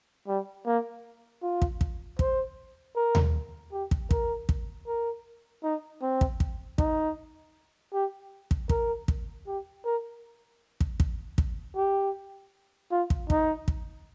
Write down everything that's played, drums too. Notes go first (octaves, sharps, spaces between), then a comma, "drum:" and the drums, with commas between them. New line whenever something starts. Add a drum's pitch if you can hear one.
G3
A#3
F4
drum: kick
drum: kick
C5, drum: kick
A#4
drum: tom D#2
G4
drum: kick
A#4, drum: kick
drum: kick
A#4
D#4
C4
drum: kick
drum: kick
D#4, drum: kick
G4
drum: kick
A#4, drum: kick
drum: kick
G4
A#4
drum: kick
drum: kick
drum: kick
G4
F4
drum: kick
D#4, drum: kick
drum: kick